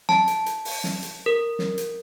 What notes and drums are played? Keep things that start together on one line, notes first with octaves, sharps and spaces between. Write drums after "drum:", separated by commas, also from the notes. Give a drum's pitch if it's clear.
A5, drum: snare
drum: hi-hat
drum: hi-hat
drum: open hi-hat
drum: snare
drum: hi-hat
A#4
drum: snare
drum: hi-hat